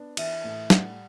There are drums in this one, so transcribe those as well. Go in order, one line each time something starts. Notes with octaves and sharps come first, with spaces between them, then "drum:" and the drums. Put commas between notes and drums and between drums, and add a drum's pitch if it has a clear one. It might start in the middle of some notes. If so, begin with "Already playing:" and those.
Already playing: B3 D4
E3 E5, drum: cymbal
A2
G3 F#5, drum: snare